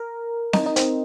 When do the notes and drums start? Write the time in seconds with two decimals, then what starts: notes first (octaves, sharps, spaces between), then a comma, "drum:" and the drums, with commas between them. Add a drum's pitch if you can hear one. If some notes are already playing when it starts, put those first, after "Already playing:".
Already playing: A#4
0.53 D#4, drum: snare C4
0.66 D#4
0.76 C4, drum: hi-hat